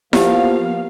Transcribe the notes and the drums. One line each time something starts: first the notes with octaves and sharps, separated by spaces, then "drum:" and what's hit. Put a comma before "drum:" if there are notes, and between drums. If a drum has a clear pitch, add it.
F3 A#3 B3 G4 D#5 F5 F#5, drum: snare E4